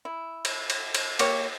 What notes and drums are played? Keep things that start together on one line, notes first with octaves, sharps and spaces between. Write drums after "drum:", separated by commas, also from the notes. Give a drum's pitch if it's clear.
E4
drum: cymbal
drum: cymbal
drum: cymbal
A#3 G4 C#5, drum: cymbal